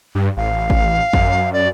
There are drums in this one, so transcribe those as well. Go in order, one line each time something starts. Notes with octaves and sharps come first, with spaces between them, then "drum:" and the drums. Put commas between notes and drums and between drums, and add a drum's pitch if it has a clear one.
G2
A1 F5
drum: kick G#1
F#2, drum: kick G#1
D5